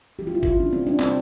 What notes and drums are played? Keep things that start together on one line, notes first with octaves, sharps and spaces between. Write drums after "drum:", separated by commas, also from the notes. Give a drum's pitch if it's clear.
E3 G4
F4
E4
F4, drum: kick
E3 D4
C4
D4
G3 C4, drum: clap